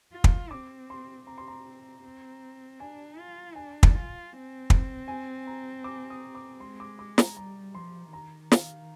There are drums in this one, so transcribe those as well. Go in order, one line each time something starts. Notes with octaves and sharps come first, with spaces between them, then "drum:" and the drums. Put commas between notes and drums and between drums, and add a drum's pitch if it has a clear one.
F4
drum: kick
C4 D6
C6
C4 A#5
C6
A#5
C4
D4 G#5
F4
D4 G#5
drum: kick
F4
C4
drum: kick
G#5
A#5
D6
D#6
D6
G#3 C6
D6
D6
A#5, drum: snare
G3 A#5
F3 C6
D#3 A#5
F5, drum: snare